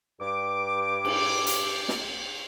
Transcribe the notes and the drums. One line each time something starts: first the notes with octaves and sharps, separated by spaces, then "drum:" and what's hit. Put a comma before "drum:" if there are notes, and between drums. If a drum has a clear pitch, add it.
G2 D6
drum: cymbal
drum: hi-hat
drum: snare